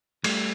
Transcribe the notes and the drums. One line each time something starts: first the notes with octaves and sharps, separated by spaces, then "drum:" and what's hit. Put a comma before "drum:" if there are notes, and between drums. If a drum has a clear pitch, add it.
G3 A3, drum: cymbal